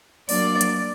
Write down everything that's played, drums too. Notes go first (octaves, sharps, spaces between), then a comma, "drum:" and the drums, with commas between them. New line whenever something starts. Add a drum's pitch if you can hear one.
F#3 A#3 D4 D5, drum: open hi-hat
drum: hi-hat